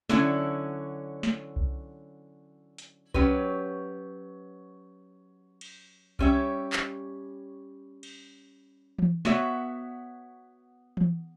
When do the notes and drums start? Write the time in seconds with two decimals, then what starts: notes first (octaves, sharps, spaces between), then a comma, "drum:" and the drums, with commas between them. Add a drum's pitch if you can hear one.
0.09 D3 F#3 C#4 E4, drum: snare
1.23 drum: snare
1.56 drum: kick C2
2.78 drum: hi-hat
3.14 F#3 C#4 G4 B4, drum: kick C2
5.61 drum: cymbal
6.19 G3 C#4 G4 C#5 E5, drum: kick C2
6.73 drum: clap
8.03 drum: cymbal
8.99 drum: tom E3
9.25 B3 F#4 C#5 E5, drum: snare
10.97 drum: tom E3